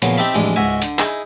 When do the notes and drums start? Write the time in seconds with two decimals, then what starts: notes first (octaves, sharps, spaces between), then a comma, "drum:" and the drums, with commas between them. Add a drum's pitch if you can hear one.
0.02 A#2 C#3 F3 F#3 B3, drum: hi-hat
0.17 C4 D#4 G4 E5 A5 B5
0.34 A1 F2 E3 G#3 D4
0.56 C#2 G#2 F#4 E5 G#5
0.82 D3, drum: hi-hat
0.99 D#4 E4 G#4, drum: clap